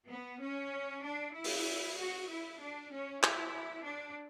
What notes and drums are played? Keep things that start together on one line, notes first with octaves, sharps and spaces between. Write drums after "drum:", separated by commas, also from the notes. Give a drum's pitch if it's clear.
B3
C#4
D4
E4
drum: open hi-hat
F#4
E4
D4
C#4
E4, drum: clap
D4